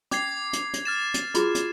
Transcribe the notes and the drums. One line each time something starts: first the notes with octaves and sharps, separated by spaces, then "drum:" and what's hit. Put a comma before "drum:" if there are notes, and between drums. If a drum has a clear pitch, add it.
C#4 D6 G#6 C7, drum: hi-hat
drum: hi-hat
drum: hi-hat
F6 A6 E7
drum: hi-hat
F4 F#4 G#4, drum: hi-hat
drum: hi-hat